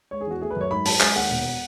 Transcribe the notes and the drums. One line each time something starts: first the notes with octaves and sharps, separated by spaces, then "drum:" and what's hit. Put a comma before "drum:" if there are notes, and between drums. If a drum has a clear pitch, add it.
G#3 C#5
G#4
E2 F#4
A3 G#4
B4
F#2 C#5
G#2 B5
F#3 A5, drum: open hi-hat
G#3 G#5, drum: clap
D#2 F#5
E1